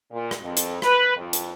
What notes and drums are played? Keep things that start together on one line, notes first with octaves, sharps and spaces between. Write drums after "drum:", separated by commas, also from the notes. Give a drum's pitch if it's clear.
A#2
drum: rim click
F2
drum: hi-hat
B4, drum: rim click
F2
drum: hi-hat